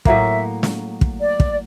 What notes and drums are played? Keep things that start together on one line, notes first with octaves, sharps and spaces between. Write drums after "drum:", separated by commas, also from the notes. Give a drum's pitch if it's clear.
A2 F#3 A#3 E5, drum: kick
drum: snare
drum: kick
D5
drum: kick